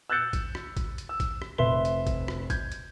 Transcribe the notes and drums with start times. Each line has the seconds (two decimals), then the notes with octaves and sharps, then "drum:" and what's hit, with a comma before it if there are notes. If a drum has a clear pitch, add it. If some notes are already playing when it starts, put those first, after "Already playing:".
0.10 E6 F#6 G6 A6 C#7
0.33 drum: kick G#1, hi-hat
0.55 drum: rim click
0.77 drum: kick G#1, hi-hat
0.98 drum: hi-hat
1.09 E6
1.20 drum: kick G#1, hi-hat
1.42 drum: rim click
1.58 F1 B4 E5 C6 G7
1.85 drum: hi-hat
2.07 drum: kick G#1, hi-hat
2.28 drum: rim click
2.50 G6 G#6, drum: kick G#1, hi-hat
2.72 drum: hi-hat